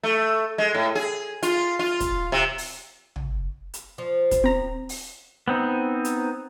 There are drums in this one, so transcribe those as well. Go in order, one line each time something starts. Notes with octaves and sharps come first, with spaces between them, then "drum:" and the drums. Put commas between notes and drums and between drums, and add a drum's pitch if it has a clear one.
A3
G#3
A2
G#4
F4, drum: hi-hat
F4
drum: kick, hi-hat
C3
drum: open hi-hat
drum: tom
drum: hi-hat
F3
drum: kick, hi-hat
C4 A#5
drum: open hi-hat
B3 C4 D#4
drum: hi-hat